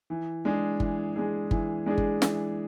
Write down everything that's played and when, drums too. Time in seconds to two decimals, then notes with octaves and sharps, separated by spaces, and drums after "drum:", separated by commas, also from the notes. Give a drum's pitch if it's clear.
0.10 E3
0.45 G#3 D4 G#4
0.80 E3, drum: kick G1
1.16 G#3 D4 G#4
1.51 E3, drum: kick G1
1.86 G#3 D4 G#4
1.98 drum: kick G1
2.22 E3, drum: snare